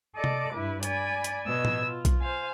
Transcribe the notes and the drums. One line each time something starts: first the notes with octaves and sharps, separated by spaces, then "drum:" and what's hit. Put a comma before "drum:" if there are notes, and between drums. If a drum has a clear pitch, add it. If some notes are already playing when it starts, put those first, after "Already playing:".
A4 D5 D#5 D6
drum: tom C3
G2 E4 B4
D5 G#5 B5, drum: hi-hat
drum: hi-hat
B2 D#5 E6 G#6
drum: tom A2
F4
drum: kick B1, hi-hat
C5 F5 G#5